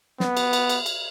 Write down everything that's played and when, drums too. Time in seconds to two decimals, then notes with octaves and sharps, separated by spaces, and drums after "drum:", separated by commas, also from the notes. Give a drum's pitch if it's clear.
0.20 B3, drum: snare
0.37 drum: cymbal
0.53 drum: cymbal
0.69 drum: cymbal
0.86 drum: cymbal